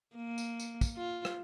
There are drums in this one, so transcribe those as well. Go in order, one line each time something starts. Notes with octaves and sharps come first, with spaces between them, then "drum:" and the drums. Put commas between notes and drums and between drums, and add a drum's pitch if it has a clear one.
A#3
drum: tambourine
drum: tambourine
drum: kick, tambourine
F4
drum: rim click